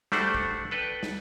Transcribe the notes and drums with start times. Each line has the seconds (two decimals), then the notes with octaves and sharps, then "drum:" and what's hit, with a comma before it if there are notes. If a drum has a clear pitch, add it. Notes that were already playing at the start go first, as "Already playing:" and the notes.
0.12 G3 A3 D4 F#4 C5 F#5, drum: snare
0.35 drum: kick
0.71 A4 B4 D5 G5
1.03 drum: snare